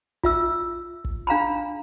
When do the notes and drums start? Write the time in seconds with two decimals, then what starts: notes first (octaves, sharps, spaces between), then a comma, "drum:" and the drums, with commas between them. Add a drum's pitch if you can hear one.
0.23 F4 E5 E6, drum: kick
1.05 drum: kick
1.27 D4 F5 A#5 B5